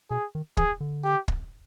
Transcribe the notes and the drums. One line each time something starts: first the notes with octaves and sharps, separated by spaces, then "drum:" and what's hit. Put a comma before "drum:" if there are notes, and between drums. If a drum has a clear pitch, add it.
B2 G#4
D#3
E3 G#4, drum: kick
D3
G4
drum: kick